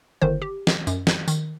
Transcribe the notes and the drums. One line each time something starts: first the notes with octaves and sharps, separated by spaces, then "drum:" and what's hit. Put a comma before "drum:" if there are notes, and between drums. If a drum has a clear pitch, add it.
G1 D#3 C5
G4
drum: snare
F#2, drum: tambourine
drum: snare
D#3, drum: tambourine